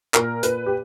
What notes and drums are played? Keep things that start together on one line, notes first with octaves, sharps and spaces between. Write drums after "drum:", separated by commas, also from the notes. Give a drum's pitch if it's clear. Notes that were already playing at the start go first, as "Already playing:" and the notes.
A#2 A#4, drum: clap
A#2 B4, drum: hi-hat
G4